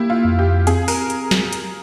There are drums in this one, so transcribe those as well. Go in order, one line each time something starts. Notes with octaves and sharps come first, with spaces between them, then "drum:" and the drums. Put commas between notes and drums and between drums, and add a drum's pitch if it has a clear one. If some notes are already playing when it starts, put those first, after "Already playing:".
Already playing: A#3 E4 G4
F4
F2
G4
C4 G#4, drum: hi-hat
A#4, drum: open hi-hat
drum: hi-hat
drum: snare
drum: hi-hat